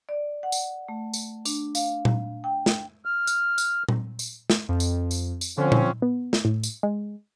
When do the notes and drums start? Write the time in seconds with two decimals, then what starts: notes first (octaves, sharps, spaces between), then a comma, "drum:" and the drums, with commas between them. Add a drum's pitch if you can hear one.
0.09 D5
0.43 F#5
0.52 drum: tambourine
0.88 A3
1.14 drum: tambourine
1.45 D4, drum: tambourine
1.75 F5, drum: tambourine
2.05 drum: tom A#2
2.44 G5
2.66 drum: snare
3.05 F6
3.27 drum: tambourine
3.58 drum: tambourine
3.88 drum: tom A#2
4.19 drum: tambourine
4.50 drum: snare
4.69 F2
4.80 drum: tambourine
5.11 drum: tambourine
5.41 drum: tambourine
5.58 D3 F3 C4 C#4
5.72 drum: tom A#2
6.02 B3
6.33 drum: snare
6.45 A2
6.63 drum: tambourine
6.83 G#3